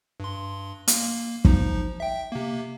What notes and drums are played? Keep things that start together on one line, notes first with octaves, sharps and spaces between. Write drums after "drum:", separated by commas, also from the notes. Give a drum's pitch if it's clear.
G2 C6
A#3, drum: hi-hat
F3 D#4, drum: kick
E5 G5
C3 A#3